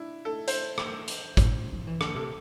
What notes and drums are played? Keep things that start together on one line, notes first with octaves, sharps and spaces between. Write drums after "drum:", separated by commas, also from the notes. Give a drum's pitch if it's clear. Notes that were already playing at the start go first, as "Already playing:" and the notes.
Already playing: D4 E4
A4
C5, drum: hi-hat
drum: rim click
drum: hi-hat
A2, drum: kick, hi-hat
F3
E3
D3, drum: rim click
C3 A4